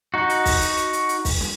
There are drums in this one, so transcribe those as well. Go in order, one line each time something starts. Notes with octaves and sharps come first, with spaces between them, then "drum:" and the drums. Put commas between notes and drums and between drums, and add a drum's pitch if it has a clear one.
D#4 F#4
drum: hi-hat
drum: kick, open hi-hat
drum: hi-hat
drum: hi-hat
drum: hi-hat
drum: hi-hat
drum: kick, open hi-hat
drum: snare